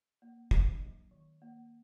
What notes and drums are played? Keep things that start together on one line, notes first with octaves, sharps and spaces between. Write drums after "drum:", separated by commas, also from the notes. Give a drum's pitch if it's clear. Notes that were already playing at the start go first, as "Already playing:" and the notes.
A#3
D4, drum: kick
F#3
D#3
A#3